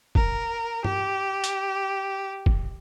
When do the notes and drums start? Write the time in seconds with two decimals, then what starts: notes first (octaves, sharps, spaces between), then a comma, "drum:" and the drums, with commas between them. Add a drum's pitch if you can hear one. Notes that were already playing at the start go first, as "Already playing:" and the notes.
0.15 A#4, drum: kick
0.84 G4, drum: tom G2
1.44 drum: hi-hat
2.46 drum: kick